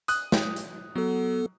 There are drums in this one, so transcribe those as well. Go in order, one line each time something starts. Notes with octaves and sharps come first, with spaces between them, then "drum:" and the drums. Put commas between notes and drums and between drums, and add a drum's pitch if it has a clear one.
D#6 F#6, drum: hi-hat
drum: snare
drum: hi-hat
F#3 B3 A4